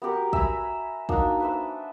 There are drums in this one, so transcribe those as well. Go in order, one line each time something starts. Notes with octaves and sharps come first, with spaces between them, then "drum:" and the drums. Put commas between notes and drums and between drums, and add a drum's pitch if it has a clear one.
B3 F#4 G4 A#4
E5 G#5 A#5 B5, drum: kick
A#3 D4 D#4 F#4, drum: kick
B4 C5 E5